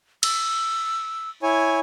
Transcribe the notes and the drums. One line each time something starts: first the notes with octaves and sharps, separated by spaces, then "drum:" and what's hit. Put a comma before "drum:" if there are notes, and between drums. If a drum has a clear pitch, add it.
E6, drum: cymbal
E4 C#5 G#5